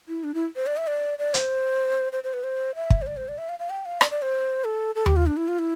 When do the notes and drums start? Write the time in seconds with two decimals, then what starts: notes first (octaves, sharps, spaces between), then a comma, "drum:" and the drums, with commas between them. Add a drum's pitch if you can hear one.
0.08 E4
0.24 D4
0.34 E4
0.56 C5
0.67 D5
0.77 E5
0.87 D5
1.19 D5
1.34 C5, drum: hi-hat
2.12 C5
2.24 C5
2.33 B4
2.44 C5
2.75 E5
2.90 drum: kick
3.02 C5
3.07 D5
3.17 C5
3.28 D5
3.38 E5
3.49 F5
3.59 F5
3.70 G5
3.85 F5
4.01 D5, drum: rim click
4.11 D5
4.22 C5
4.64 A4
4.95 A4
5.06 G4, drum: tom D#2
5.16 F4
5.27 D4
5.37 E4
5.48 F4
5.59 E4